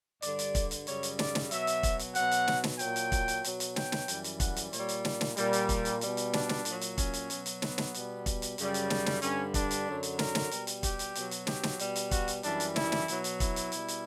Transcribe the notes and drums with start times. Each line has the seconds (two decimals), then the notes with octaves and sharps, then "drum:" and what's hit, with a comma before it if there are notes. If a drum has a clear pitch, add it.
0.22 G2 D3 G3 D5, drum: hi-hat
0.39 drum: hi-hat
0.55 drum: kick, hi-hat
0.71 drum: hi-hat
0.87 F#2 C#3 G3 C#5, drum: hi-hat
1.03 drum: hi-hat
1.19 D5, drum: snare
1.35 drum: snare
1.51 B2 F#3 E5, drum: hi-hat
1.67 drum: hi-hat
1.83 drum: kick, hi-hat
1.99 drum: hi-hat
2.15 B2 F#3 F#5, drum: hi-hat
2.31 drum: hi-hat
2.48 drum: snare
2.64 drum: snare
2.79 A#2 F#3 G5, drum: hi-hat
2.96 drum: hi-hat
3.12 drum: kick, hi-hat
3.28 drum: hi-hat
3.44 B2 F#3, drum: hi-hat
3.60 drum: hi-hat
3.76 G5, drum: snare
3.92 drum: snare
4.08 F#2 E3 G3, drum: hi-hat
4.24 drum: hi-hat
4.40 F#5, drum: kick, hi-hat
4.56 drum: hi-hat
4.73 A#2 G3 C#5, drum: hi-hat
4.89 drum: hi-hat
5.05 drum: snare
5.21 drum: snare
5.37 A#2 G3, drum: hi-hat
5.53 drum: hi-hat
5.69 drum: kick, hi-hat
5.85 drum: hi-hat
6.01 B2 G3, drum: hi-hat
6.17 drum: hi-hat
6.33 D4, drum: snare
6.49 drum: snare
6.65 A#2 F#3, drum: hi-hat
6.81 drum: hi-hat
6.98 C#4, drum: kick, hi-hat
7.13 drum: hi-hat
7.30 B2 F#3, drum: hi-hat
7.46 drum: hi-hat
7.62 B3, drum: snare
7.78 drum: snare
7.94 B2 G3, drum: hi-hat
8.26 drum: kick, hi-hat
8.42 drum: hi-hat
8.58 F#2 C#3 G3, drum: hi-hat
8.74 drum: hi-hat
8.90 drum: snare
9.06 drum: snare
9.22 G2 D3 G3 C#4, drum: hi-hat
9.54 D4, drum: kick, hi-hat
9.71 drum: hi-hat
9.87 F#2 D3 F#3
10.03 drum: hi-hat
10.19 A#4, drum: snare
10.35 drum: snare
10.51 B2 G3, drum: hi-hat
10.67 drum: hi-hat
10.83 G4, drum: kick, hi-hat
10.99 drum: hi-hat
11.15 B2 F#3, drum: hi-hat
11.31 drum: hi-hat
11.47 G4, drum: snare
11.63 drum: snare
11.79 B2 G3, drum: hi-hat
11.96 drum: hi-hat
12.11 F#4, drum: kick, hi-hat
12.28 drum: hi-hat
12.43 F#2 E3 G3 D4, drum: hi-hat
12.60 drum: hi-hat
12.76 E4, drum: snare
12.92 drum: snare
13.08 B2 F#3, drum: hi-hat
13.24 drum: hi-hat
13.40 E4, drum: kick, hi-hat
13.56 drum: hi-hat
13.72 B2 G3, drum: hi-hat
13.88 drum: hi-hat